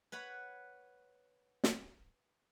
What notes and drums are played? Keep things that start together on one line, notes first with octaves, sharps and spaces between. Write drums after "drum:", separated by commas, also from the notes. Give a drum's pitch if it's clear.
B4 C#5 F#5 B5
drum: snare